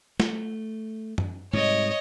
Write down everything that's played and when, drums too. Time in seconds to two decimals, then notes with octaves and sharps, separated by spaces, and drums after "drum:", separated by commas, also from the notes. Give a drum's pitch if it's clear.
0.20 A3, drum: snare
1.18 drum: tom F#2
1.53 G#2 C3 G3 C#5 D#5